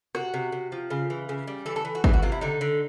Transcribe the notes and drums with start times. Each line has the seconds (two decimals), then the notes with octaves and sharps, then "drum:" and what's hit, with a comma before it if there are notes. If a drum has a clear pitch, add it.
0.15 C3 F#4, drum: rim click
0.34 C3
0.52 C3
0.72 F3
0.90 C#3 F4
1.10 E3
1.29 C#3
1.47 G3
1.66 E3 A4
1.76 A4
1.85 E3
1.95 F#4
2.04 E3 G#4, drum: kick
2.13 F#4
2.22 C3 F4
2.32 E4
2.41 D3 D#4
2.61 D3